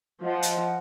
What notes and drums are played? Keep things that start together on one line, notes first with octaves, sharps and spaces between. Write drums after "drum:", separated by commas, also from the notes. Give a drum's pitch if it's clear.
F3 D#5 F#5
drum: hi-hat